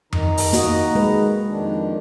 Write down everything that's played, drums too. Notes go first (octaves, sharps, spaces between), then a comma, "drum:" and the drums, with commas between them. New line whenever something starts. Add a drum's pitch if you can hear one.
D#3 D#4 A#5, drum: tom F2
drum: open hi-hat
A#3 F#4 D#5, drum: hi-hat
G#3 B4
F2 D#3 D4